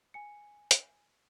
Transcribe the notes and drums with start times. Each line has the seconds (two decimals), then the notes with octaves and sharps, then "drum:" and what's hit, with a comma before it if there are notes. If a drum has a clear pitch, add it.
0.14 G#5 C#7
0.71 drum: hi-hat